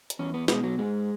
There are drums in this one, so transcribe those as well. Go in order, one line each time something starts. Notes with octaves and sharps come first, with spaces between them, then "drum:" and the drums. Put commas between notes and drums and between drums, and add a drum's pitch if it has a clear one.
drum: hi-hat
E2 C#4
B3
B2 G#3, drum: snare
F#3
G#2 G#3